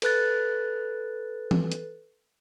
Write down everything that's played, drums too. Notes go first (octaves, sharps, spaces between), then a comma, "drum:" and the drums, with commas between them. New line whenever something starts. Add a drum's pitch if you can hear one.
A4 B4 F#6 A6, drum: cymbal
drum: tom E3
drum: hi-hat